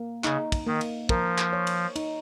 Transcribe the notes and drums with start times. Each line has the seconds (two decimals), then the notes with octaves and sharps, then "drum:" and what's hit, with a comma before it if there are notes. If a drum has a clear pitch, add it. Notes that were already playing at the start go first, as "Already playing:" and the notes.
Already playing: A#3
0.24 C#3 D#4, drum: clap
0.52 drum: kick, cymbal
0.66 D#3 A#3
0.81 drum: cymbal
1.09 F3 A#4, drum: kick
1.38 drum: clap
1.53 C#5
1.67 drum: cymbal
1.96 D#4, drum: cymbal